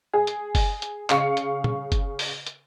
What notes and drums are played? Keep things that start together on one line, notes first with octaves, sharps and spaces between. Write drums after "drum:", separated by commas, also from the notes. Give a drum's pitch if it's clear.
G#4
drum: hi-hat
drum: kick F#1, open hi-hat
drum: hi-hat
C#3 F5 C#6 C#7, drum: clap
drum: hi-hat
drum: tom
drum: kick F#1, hi-hat
drum: open hi-hat
drum: hi-hat